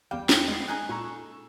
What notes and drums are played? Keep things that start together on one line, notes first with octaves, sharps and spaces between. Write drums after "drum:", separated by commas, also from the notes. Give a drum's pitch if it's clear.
E2 G3 F5 G5
drum: snare
G#3 A#3 B3 A#6 C7
C#4 D#4 G#4 F#6
A#2 A4 A#5 C#6